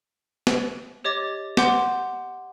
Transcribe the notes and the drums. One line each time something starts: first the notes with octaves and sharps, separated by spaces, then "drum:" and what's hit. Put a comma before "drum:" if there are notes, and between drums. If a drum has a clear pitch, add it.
drum: snare
G4 C#5 D#5 D6 A6
F#5 C6 D6 G6, drum: snare